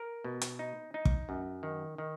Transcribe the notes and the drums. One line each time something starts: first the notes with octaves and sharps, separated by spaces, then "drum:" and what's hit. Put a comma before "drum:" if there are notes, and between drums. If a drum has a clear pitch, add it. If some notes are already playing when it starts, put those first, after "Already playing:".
Already playing: A#4
B2
drum: hi-hat
D#4
D#4
drum: kick
F#2
D#3
D#3